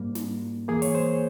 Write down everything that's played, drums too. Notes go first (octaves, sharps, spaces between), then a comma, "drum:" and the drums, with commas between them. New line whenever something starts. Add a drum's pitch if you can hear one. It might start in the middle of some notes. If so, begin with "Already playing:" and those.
Already playing: G#2 G3 A#3
drum: snare
E2 E3 A#3 G#4
C#5, drum: open hi-hat
C5